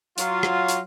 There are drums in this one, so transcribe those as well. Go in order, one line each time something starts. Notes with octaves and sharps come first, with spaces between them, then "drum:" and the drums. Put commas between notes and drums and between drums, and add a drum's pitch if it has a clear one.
F#3 F4, drum: hi-hat
drum: rim click
drum: hi-hat